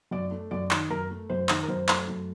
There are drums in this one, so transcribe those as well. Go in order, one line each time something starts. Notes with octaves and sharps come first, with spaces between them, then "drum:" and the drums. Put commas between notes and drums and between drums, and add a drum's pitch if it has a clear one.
F#2 D5
A3
F#2 D5
D#3, drum: clap
F#2 A#4
A3
F#2 C5
D#3, drum: clap
A#4
F#2 C5
A3, drum: clap
F#2